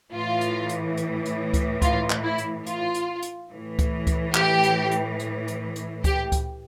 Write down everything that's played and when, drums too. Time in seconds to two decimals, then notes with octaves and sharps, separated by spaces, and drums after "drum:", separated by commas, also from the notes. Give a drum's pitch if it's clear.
0.13 A2 E3 F4
0.41 drum: hi-hat
0.69 drum: hi-hat
0.97 drum: hi-hat
1.25 drum: hi-hat
1.54 drum: kick C#2, hi-hat
1.82 F4, drum: kick C#2, hi-hat
2.10 drum: clap
2.24 E4
2.38 drum: hi-hat
2.66 F4, drum: hi-hat
2.94 drum: hi-hat
3.22 drum: hi-hat
3.51 A2 E3
3.79 drum: kick C#2, hi-hat
4.07 drum: kick C#2, hi-hat
4.34 G4, drum: clap
4.63 drum: hi-hat
4.91 drum: hi-hat
5.19 drum: hi-hat
5.48 drum: hi-hat
5.76 drum: hi-hat
6.04 G4, drum: kick C#2, hi-hat
6.32 drum: kick C#2, hi-hat